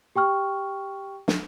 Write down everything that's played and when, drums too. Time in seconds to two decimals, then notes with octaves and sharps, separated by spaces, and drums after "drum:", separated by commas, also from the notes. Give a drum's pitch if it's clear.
0.16 G4 G5 C#6 F6
1.28 drum: snare